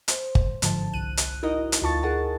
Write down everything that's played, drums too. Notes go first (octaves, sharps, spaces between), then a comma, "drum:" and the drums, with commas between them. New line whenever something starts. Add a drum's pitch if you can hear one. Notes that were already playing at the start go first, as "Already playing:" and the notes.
C5, drum: hi-hat
drum: kick G1
G1 G#2 D3 F3 A5, drum: hi-hat
C2 F#6 D#7
drum: hi-hat
D#4 E4 F#4 A#4 D#5
drum: hi-hat
D2 F4 A5 C#6 A6
G#4 A#4 F#5 A5